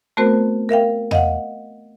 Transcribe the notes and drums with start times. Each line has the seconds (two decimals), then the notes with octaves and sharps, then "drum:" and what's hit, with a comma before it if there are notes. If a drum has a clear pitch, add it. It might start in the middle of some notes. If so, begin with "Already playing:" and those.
0.17 A3 B3 C4 F#4 A#4 C5
0.69 A#4 E5 F5 G5
1.11 D#5 F5 F#5, drum: tom E2